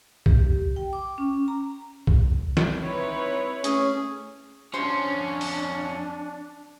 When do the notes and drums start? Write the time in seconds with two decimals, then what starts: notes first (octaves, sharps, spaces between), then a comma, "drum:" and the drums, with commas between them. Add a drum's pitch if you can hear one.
0.26 G4, drum: kick
0.76 G5
0.93 D6
1.18 C#4
1.48 A#5
2.07 drum: kick
2.57 drum: snare
2.81 C4 D#4 E4 B4 C#5
3.64 A3 C#4 G#4, drum: hi-hat
4.74 F2 C#4 D4 C5 C6
5.41 drum: open hi-hat